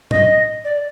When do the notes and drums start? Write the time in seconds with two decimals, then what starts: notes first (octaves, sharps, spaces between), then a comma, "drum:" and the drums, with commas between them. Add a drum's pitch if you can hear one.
0.11 D#5, drum: tom
0.65 D5